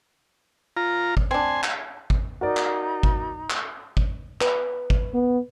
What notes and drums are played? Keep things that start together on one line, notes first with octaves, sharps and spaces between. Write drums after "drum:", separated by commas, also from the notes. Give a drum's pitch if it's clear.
F4 A#5
drum: kick
C4 D4 G#5 C6
drum: clap
drum: kick
D#4 F#4 A#4 D5 A#5
drum: clap
drum: kick
drum: clap
drum: kick
B4, drum: clap
drum: kick
B3